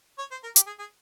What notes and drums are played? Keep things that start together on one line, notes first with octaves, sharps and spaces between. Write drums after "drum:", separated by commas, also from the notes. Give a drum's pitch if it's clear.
C#5
C5
A#4
G4, drum: hi-hat
G#4
G#4